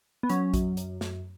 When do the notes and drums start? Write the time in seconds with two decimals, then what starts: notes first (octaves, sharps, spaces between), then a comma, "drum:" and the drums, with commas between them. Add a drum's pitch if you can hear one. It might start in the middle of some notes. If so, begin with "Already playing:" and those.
0.23 B3
0.30 F#3 C#4, drum: hi-hat
0.54 F#2, drum: kick A#1, hi-hat
0.77 F#2, drum: hi-hat
1.01 F#2, drum: snare